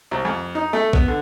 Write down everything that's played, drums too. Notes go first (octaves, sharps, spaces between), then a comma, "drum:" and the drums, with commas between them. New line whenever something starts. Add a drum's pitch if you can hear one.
C2
F2
D#4
A3
B3, drum: kick A#1
D3